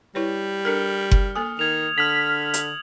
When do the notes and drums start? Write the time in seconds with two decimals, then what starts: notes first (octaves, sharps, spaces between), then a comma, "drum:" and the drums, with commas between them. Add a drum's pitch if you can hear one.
0.15 G3 E4 B4 C#5
0.65 D4 A4 A#4 F6 C#7
1.11 drum: kick F#1
1.35 A#3 A4 G#5 D#6
1.59 D#3 G#6 F7
1.98 D3 F6 B6 F#7
2.54 drum: hi-hat